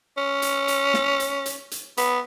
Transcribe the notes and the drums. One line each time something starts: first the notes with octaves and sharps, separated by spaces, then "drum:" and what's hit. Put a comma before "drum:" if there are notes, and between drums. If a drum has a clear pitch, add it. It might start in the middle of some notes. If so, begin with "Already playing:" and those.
C#4
drum: hi-hat
drum: hi-hat
drum: snare
drum: hi-hat
drum: hi-hat
drum: hi-hat
B3, drum: hi-hat